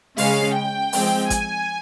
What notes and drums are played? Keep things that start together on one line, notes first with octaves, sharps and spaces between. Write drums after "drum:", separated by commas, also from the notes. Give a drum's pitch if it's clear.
C#3 G#3 C#4 F5, drum: open hi-hat
G5
F3 G#3 C4, drum: open hi-hat
G#5, drum: kick G#1, hi-hat